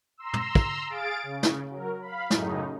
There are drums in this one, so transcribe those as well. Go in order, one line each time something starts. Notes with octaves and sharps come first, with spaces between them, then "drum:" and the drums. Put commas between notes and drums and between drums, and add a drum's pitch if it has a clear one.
A#5 C6 E6
drum: tom
drum: kick
G#4 F5 A6 D7
C#3
drum: snare
F#3 A#4
F5 B5
F#2 A2 C#3 D#4, drum: snare